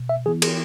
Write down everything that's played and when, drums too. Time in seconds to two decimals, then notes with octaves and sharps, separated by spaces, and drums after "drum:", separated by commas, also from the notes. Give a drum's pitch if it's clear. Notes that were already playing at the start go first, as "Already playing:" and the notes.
Already playing: B2
0.09 E5
0.26 E3 B3 E4 G#4
0.42 G#4, drum: cymbal